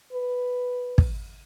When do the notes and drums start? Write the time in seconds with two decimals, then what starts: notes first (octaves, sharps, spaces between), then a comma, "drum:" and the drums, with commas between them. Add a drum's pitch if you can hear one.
0.13 B4
0.98 drum: kick